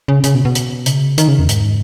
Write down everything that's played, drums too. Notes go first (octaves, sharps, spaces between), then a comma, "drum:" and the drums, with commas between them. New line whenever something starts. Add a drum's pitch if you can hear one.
C#3
C#3, drum: hi-hat
B2
B2
drum: hi-hat
C#3, drum: hi-hat
D#3, drum: hi-hat
C#3
E2
G#2, drum: hi-hat